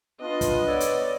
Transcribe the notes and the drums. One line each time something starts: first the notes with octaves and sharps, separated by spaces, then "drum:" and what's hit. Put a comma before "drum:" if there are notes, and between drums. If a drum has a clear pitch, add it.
B3 D4 F4 D#5
drum: kick, hi-hat
A4 C#5 D5
drum: hi-hat